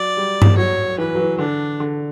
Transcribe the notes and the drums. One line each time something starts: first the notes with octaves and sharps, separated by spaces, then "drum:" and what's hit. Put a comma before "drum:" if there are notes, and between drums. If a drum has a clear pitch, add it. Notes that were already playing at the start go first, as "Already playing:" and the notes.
Already playing: F#3 D5
G3
drum: tom G2
F#3 C#5
E3 B4
F#3
E3
D3 D4
D3